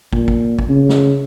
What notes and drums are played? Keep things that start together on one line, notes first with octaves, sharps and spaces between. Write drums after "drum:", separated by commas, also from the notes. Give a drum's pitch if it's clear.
A#2, drum: kick
drum: kick
drum: kick
C#3
drum: snare